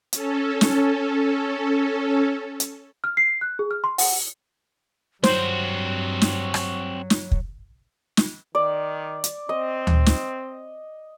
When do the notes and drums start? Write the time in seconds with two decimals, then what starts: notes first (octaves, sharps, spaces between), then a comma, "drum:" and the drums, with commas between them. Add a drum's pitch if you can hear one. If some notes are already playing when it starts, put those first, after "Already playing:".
0.13 C#4 A4, drum: hi-hat
0.61 drum: snare
2.60 drum: hi-hat
3.04 F6
3.17 C7
3.41 F#6
3.59 G#4
3.71 F6
3.84 C6
3.98 F#5, drum: open hi-hat
5.24 G2 F#3 C4 F#4 C5, drum: snare
6.22 drum: snare
6.54 drum: rim click
7.10 drum: snare
7.32 drum: kick
8.17 drum: snare
8.55 D#3 D5
9.24 drum: hi-hat
9.49 C4 D#5
9.87 drum: tom D2
10.06 drum: snare